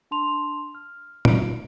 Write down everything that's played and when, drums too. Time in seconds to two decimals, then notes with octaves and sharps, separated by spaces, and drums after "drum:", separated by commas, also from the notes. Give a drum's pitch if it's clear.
0.11 D4 A5 C6 F7
0.75 F6
1.25 D#4 F4 D7, drum: tom